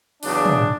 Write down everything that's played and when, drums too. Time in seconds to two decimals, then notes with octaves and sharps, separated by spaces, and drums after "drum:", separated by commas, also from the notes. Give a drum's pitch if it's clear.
0.23 E2 C#3 F#3 D4, drum: open hi-hat
0.46 drum: tom